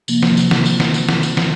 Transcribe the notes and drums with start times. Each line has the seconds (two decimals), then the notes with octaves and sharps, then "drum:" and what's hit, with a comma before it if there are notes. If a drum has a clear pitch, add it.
0.08 C3 F3 A#3, drum: tambourine
0.23 drum: snare
0.37 drum: tambourine
0.51 drum: snare
0.66 drum: tambourine
0.80 drum: snare
0.94 drum: tambourine
1.09 drum: snare
1.23 drum: tambourine
1.37 drum: snare